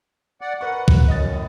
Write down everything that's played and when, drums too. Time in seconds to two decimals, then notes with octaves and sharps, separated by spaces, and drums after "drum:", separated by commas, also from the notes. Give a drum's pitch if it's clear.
0.41 D5 F#5
0.61 A#4 B4 F#5 C#6
0.88 drum: kick
1.08 F#2 A2 D#5 D#6 A6